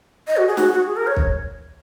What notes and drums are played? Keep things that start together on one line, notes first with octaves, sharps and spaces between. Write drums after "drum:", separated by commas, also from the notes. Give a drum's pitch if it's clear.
D#5
F#4
G#4
F#4, drum: snare
F#4
G#4
A#4
C#5
drum: kick